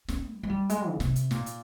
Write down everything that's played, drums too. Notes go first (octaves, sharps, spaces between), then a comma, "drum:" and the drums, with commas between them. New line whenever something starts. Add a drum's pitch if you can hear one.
C#4, drum: snare
G3
G#3
G3
G#3, drum: hi-hat
C#3
C3, drum: snare
drum: hi-hat
A#2, drum: snare
drum: hi-hat